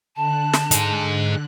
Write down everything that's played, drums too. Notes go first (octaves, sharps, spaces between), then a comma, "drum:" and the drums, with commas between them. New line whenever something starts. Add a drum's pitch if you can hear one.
D3 A5 F#6
drum: snare
D#4 G#4, drum: hi-hat